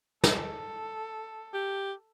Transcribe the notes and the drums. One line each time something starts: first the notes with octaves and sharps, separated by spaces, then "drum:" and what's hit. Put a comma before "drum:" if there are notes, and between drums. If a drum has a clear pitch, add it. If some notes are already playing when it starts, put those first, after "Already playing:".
A4, drum: snare
G4